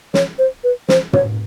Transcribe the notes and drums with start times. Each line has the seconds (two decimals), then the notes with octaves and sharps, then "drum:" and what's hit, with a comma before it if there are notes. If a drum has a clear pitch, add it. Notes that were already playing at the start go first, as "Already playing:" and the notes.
0.14 C#5, drum: snare
0.38 C5
0.64 B4
0.89 C5, drum: snare
1.13 C#5, drum: tom